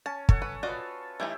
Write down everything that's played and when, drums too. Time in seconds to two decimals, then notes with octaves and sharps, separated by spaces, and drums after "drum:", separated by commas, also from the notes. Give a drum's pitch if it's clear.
0.06 C#4 A5
0.29 A4 C#5 F#5, drum: kick
0.42 B4
0.63 F4 F#4 B4 D5 D#5
1.20 E3 A3 D#4 E4 G4